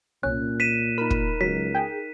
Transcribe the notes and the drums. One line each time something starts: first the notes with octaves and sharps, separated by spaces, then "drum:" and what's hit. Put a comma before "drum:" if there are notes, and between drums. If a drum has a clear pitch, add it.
C2 A#2 C#4 F#6
B6 D#7 E7
D#4 A#4 B5
drum: kick
C#2 F#3 B6
G#4 G5